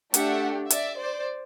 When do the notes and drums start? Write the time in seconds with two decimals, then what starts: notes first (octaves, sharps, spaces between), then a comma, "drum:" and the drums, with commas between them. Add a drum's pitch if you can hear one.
0.14 A3 D4 G4 E5 F#5, drum: hi-hat
0.70 D5 E5, drum: hi-hat
0.98 C5 D5